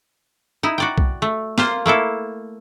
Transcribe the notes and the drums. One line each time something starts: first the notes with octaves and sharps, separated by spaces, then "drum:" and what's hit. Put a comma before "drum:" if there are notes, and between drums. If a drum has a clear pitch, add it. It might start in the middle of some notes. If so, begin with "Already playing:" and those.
D#4 E4
F#4 D5 G5
drum: kick B1
A3
A#3 F4 C5, drum: snare
A3 A#3 E4 A4